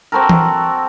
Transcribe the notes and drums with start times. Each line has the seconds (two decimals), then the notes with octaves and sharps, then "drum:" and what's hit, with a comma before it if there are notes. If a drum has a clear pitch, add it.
0.12 C4 F#4 A4 A#4
0.29 drum: tom E3